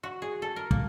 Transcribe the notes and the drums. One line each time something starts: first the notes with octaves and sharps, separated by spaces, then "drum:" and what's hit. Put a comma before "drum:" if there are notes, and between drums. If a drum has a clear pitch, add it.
F#4
G#4
A4
A#4
A#3, drum: kick